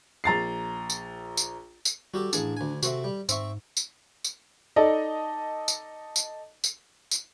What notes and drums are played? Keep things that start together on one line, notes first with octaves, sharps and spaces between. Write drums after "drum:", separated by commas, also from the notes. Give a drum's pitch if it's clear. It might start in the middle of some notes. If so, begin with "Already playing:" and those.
A#1 A#5 A6 C7
drum: tambourine
drum: tambourine
drum: tambourine
G3 F#4 G4 A4
A1 D4 G#4 A5, drum: tambourine
D2 G#5
C3 A3 C4 F#4, drum: tambourine
G3
G#2 C4 E5 C#6, drum: tambourine
drum: tambourine
drum: tambourine
D#4 A4 D5 D#5
drum: tambourine
drum: tambourine
drum: tambourine
drum: tambourine